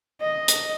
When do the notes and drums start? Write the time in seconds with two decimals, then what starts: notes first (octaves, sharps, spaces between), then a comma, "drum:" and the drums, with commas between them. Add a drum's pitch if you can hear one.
0.21 D#5
0.48 drum: hi-hat